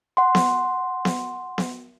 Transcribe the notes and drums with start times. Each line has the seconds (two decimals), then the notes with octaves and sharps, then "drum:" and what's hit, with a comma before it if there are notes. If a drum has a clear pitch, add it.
0.17 F#5 C6
0.35 drum: snare B3
1.05 drum: snare B3
1.58 drum: snare B3